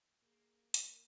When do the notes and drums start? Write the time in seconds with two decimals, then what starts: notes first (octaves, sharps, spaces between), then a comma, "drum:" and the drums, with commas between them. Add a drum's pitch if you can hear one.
0.23 A#3 G#4
0.74 A#4, drum: hi-hat